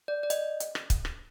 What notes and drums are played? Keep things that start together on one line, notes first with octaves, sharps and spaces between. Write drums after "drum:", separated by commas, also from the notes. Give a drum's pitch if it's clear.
D5
D5
D#5, drum: hi-hat
drum: hi-hat
drum: rim click
drum: kick, hi-hat
drum: rim click